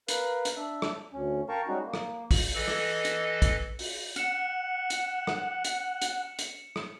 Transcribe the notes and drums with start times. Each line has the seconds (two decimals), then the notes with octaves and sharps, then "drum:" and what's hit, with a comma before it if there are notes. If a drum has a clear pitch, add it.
0.08 A#4 B4 F5, drum: hi-hat
0.45 drum: hi-hat
0.56 D4 E5
0.82 drum: rim click
1.13 D2 C#4
1.49 A#4 F5 G5 A5 A#5 C#6
1.68 G3 G#3 C#4 D#4 F#4
1.85 A#3
1.94 drum: rim click
2.31 drum: kick, open hi-hat
2.55 E3 A4 D#5
2.68 drum: rim click
3.05 drum: hi-hat
3.42 drum: kick, hi-hat
3.79 drum: open hi-hat
4.16 F#5 F6 C#7 E7, drum: hi-hat
4.90 drum: hi-hat
5.27 drum: rim click
5.64 drum: hi-hat
6.02 drum: hi-hat
6.39 drum: hi-hat
6.76 drum: rim click